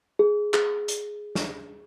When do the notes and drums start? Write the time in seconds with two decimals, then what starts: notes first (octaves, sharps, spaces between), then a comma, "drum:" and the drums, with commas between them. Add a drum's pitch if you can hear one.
0.19 G#4
0.54 G#4, drum: clap
0.88 drum: hi-hat
1.35 drum: snare